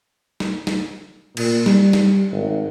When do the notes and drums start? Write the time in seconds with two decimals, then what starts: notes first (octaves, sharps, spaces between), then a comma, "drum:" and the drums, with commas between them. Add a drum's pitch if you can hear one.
0.40 drum: snare
0.67 drum: snare
1.37 A#2, drum: cymbal
1.66 G3, drum: snare
1.93 drum: snare
2.32 G#1